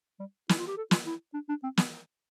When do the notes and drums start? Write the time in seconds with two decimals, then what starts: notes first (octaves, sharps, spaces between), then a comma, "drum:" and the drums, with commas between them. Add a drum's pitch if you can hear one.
0.20 G3
0.49 E4, drum: snare
0.58 F4
0.67 G4
0.77 A4
0.91 F4, drum: snare
1.06 E4
1.34 D4
1.49 D4
1.63 C4
1.77 B3, drum: snare